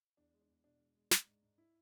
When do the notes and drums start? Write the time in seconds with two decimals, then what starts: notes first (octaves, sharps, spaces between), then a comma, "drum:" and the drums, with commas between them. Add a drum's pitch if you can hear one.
0.17 E2 D4
0.34 G#3
0.41 D4
0.49 E2
0.64 B2 D4
0.80 G#3
0.95 G#3
1.11 G#3, drum: snare
1.26 G#2
1.43 G#2
1.58 E4